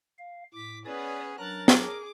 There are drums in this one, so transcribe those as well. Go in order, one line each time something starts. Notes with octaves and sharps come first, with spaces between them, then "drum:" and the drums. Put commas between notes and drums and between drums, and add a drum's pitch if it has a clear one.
F5
A2 D6 B6
B3 C#4 G#4 B4 C#5 D5 D#6
F#3 D4 A#4 A#5 F#6 A6
G#4 D6, drum: snare